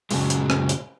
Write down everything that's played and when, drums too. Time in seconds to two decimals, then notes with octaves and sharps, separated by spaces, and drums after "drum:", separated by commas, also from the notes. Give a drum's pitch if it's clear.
0.11 F#2 A#2 C#3 F#3 G#3, drum: open hi-hat
0.30 drum: hi-hat
0.50 drum: rim click
0.69 drum: hi-hat